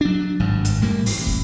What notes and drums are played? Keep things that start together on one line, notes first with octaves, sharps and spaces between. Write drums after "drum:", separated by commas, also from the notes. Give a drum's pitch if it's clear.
F#3 D4
G#1 G2
drum: hi-hat
A2 G3 A#3
A1, drum: open hi-hat
drum: kick